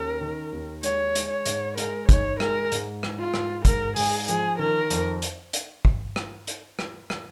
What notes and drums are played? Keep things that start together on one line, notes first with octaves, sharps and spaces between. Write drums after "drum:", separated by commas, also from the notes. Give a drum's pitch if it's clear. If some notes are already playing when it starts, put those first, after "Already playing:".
Already playing: D#2 C#4 A#4
D#3
D#2
G#3 C#5, drum: hi-hat
G#3, drum: hi-hat
C#5
G#2, drum: hi-hat
G#3 A#4, drum: hi-hat
D#4 C#5, drum: kick, hi-hat
G#3 A#4, drum: rim click
G#2, drum: hi-hat
G#3, drum: rim click
F4
G#2, drum: rim click
G#2 A#4, drum: kick, hi-hat
G#2 G#4, drum: open hi-hat
F3 G#4, drum: hi-hat
D#3 A#4
F2, drum: hi-hat
drum: hi-hat
drum: hi-hat
drum: kick
drum: rim click
drum: hi-hat
drum: rim click
drum: rim click